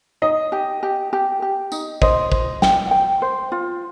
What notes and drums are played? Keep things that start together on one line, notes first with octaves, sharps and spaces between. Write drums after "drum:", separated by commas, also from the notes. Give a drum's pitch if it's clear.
D#4 D#5
G4
G4
G4
G4
D#4, drum: tambourine
C5 D#5, drum: kick
C5, drum: kick
G5, drum: snare
G5
C5
F4